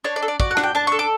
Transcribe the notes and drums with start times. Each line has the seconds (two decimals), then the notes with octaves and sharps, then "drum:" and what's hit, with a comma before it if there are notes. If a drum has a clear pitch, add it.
0.04 D4 C#5
0.16 D5
0.22 A4
0.28 D5
0.40 F#4 D5, drum: kick
0.51 F#5
0.57 D4, drum: rim click
0.63 G5
0.75 D4 A5
0.87 A4 C#6
0.99 D6